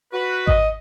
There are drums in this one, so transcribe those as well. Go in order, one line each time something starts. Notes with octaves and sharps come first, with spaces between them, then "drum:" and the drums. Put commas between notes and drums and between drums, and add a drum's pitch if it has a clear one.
F#4 B4
D#5, drum: kick G#1